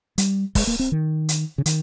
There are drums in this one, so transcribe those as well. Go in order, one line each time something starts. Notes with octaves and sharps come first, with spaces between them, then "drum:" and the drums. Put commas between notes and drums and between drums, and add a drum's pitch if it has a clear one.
G3, drum: hi-hat
G#3, drum: kick, open hi-hat
A#3
C4
D#3
drum: hi-hat
C#3
D#3, drum: hi-hat